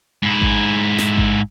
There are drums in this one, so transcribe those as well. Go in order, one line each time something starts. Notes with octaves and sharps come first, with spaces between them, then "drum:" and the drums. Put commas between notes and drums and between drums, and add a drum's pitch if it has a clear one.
G#2 E4
drum: kick A1
drum: snare
drum: kick A1